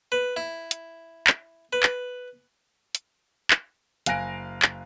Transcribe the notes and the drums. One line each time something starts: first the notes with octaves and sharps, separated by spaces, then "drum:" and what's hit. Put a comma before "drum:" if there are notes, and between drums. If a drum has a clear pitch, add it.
B4
E4
drum: hi-hat
drum: clap
B4
drum: clap
drum: hi-hat
drum: clap
F#1 F5 G#5 F#6 A#6 D7, drum: hi-hat
drum: clap